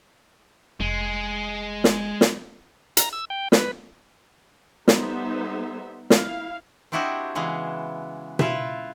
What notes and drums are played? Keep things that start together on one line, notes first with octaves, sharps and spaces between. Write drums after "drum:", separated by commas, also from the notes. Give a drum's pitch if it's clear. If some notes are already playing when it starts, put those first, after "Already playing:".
F1 G#3
drum: snare
drum: snare
A#5, drum: hi-hat
E6
G5
B4, drum: snare
G3 B3 D#4 A4 C5 E5, drum: snare
E4 F5, drum: snare
C4 D4 E4 F#4 G4 D#5
C#3 E3 G#3 B3
E4 F4 B4 E5, drum: tom B2